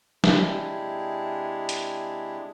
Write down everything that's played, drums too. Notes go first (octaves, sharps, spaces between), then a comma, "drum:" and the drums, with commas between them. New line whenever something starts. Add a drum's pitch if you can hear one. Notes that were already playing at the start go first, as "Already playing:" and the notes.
C3 G#3 D4 E4 G4 G#4, drum: snare
drum: hi-hat